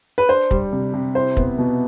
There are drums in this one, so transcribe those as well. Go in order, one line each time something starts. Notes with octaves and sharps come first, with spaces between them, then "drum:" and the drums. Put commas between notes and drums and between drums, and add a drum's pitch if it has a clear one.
B4
D4 C5
G3, drum: kick
C3
C3
E4 C5
B3, drum: kick
B2